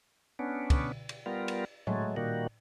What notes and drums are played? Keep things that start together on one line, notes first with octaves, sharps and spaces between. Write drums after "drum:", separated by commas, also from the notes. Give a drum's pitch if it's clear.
B3 C#4 D4
drum: kick, cymbal
drum: cymbal
G3 B3 F4 A#4
drum: cymbal
F#3 G#3 A3, drum: tom A2
A#2 D#3 G3 A#3 F#4